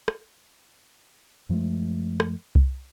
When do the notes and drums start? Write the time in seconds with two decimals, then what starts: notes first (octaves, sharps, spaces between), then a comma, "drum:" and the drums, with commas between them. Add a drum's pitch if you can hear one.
0.08 drum: rim click
1.49 F#2 F3 G#3 A3
2.20 drum: rim click
2.55 drum: kick C2